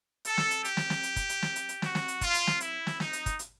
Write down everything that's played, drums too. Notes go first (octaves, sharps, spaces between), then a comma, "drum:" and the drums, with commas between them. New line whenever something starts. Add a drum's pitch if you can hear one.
A4, drum: hi-hat
drum: snare
drum: hi-hat
G4, drum: hi-hat
drum: snare
drum: snare
drum: hi-hat
drum: kick, hi-hat
drum: hi-hat
drum: snare
drum: hi-hat
drum: hi-hat
F#4, drum: snare
drum: snare
drum: hi-hat
F4, drum: kick, hi-hat
drum: hi-hat
drum: snare
E4, drum: hi-hat
drum: snare
D#4, drum: snare
drum: hi-hat
drum: kick, hi-hat
drum: hi-hat